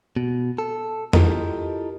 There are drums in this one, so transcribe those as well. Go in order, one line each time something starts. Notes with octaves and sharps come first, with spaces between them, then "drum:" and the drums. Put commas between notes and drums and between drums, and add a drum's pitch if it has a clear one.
B2
A4
E4 F4 G4 A4 A#4 D#5, drum: tom F2